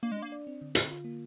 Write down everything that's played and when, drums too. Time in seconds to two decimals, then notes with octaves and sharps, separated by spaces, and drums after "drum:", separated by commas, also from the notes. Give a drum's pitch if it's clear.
0.03 A#3 D4
0.12 G#3
0.17 D4
0.22 A#3
0.32 D5
0.47 C4
0.61 D3
0.75 D3, drum: hi-hat
0.91 F4
1.04 A#3